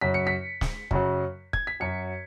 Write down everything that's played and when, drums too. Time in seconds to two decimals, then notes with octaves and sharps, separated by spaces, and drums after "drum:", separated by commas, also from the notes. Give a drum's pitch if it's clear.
0.01 F#2 C#3 F#3 B6
0.14 C#7
0.27 B6
0.61 drum: snare
0.91 F#2 C#3 F#3, drum: kick
1.53 G#6, drum: kick
1.67 B6
1.80 F#2 F#3 C#7